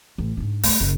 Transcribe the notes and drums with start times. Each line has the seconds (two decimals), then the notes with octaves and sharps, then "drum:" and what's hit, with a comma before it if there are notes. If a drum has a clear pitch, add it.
0.18 A1
0.37 G#2 D4
0.63 A3 A#3, drum: open hi-hat
0.80 F#1